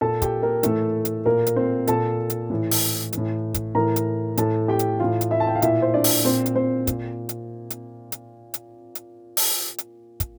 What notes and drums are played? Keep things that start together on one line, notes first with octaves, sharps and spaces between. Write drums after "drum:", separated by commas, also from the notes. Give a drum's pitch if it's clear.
A#2 A4 A5
G4 G5, drum: kick, hi-hat
A#3 A#4
A2 E3 A3 A4, drum: hi-hat
drum: hi-hat
A#2 A#3 A#4
drum: hi-hat
C4 C5
A#2 A4 A5, drum: hi-hat
drum: hi-hat
A2 E3
drum: open hi-hat
A2 E3, drum: hi-hat
drum: kick, hi-hat
A2 E3 A#4 A#5
drum: hi-hat
A2 E3 A4 A5, drum: hi-hat
G4 G5
drum: hi-hat
A2 E3 F4 F5
drum: hi-hat
E4 E5
A5
G5
F5
A#2 E4 E5, drum: hi-hat
C5
D4 D5
drum: open hi-hat
A#2 C4 C5
drum: hi-hat
C4 C5
A#2, drum: kick, hi-hat
drum: hi-hat
drum: hi-hat
drum: hi-hat
drum: hi-hat
drum: hi-hat
drum: open hi-hat
drum: hi-hat
drum: kick, hi-hat